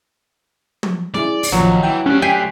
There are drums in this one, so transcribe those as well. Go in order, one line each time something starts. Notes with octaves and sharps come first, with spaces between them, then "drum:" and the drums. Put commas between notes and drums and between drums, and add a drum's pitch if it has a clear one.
drum: tom
E4 G#4 D5 D6, drum: snare
drum: open hi-hat
A1 D#2 F3 F#3
E3 G5
A3 C#4 G4 D5 F#6
G5 G#5 B6 C7